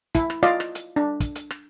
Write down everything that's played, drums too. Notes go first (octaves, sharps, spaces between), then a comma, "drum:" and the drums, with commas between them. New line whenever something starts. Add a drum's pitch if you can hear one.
E4, drum: kick, hi-hat
drum: rim click
F4 D5 D#5 F5, drum: hi-hat
drum: rim click
drum: hi-hat
D4
drum: kick, hi-hat
drum: hi-hat
drum: rim click